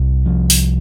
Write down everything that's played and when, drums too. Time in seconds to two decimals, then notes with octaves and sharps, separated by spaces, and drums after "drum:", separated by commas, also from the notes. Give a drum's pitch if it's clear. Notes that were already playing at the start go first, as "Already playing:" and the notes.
Already playing: C2
0.26 F3
0.50 drum: open hi-hat